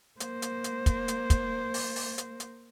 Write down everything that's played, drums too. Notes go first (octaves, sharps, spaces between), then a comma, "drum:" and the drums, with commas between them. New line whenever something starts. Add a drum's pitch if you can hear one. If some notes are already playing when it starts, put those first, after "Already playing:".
A#3 C5, drum: hi-hat
drum: hi-hat
drum: hi-hat
drum: kick, hi-hat
drum: hi-hat
drum: kick, hi-hat
drum: open hi-hat
drum: open hi-hat
drum: hi-hat
drum: hi-hat